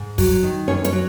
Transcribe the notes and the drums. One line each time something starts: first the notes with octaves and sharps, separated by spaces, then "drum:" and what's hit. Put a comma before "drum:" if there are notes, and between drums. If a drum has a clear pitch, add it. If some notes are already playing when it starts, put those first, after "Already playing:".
Already playing: G#2
F#3, drum: kick, open hi-hat
D#3
F#2 C#4 C#5
C#4 C#5, drum: hi-hat
F#3